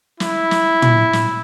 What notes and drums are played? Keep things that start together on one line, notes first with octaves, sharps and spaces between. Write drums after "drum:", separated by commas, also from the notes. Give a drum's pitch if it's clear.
E4, drum: snare
drum: snare
drum: tom
drum: snare